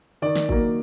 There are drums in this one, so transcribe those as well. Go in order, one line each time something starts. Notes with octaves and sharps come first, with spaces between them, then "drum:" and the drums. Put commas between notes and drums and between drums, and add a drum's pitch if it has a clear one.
D#3 D5
drum: snare
F#3 A#3, drum: kick